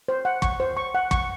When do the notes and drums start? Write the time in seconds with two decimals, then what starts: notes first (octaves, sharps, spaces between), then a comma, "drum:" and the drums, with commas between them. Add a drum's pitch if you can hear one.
0.08 C5
0.25 F#5
0.42 C#6, drum: kick
0.60 C5
0.77 C#6
0.95 F#5
1.11 C#6, drum: kick